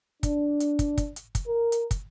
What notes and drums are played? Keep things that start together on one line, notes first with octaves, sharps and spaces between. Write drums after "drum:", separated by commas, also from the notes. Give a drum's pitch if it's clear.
D4, drum: kick, hi-hat
drum: hi-hat
drum: kick, hi-hat
drum: kick, hi-hat
drum: hi-hat
drum: kick, hi-hat
A#4
drum: hi-hat
drum: kick, hi-hat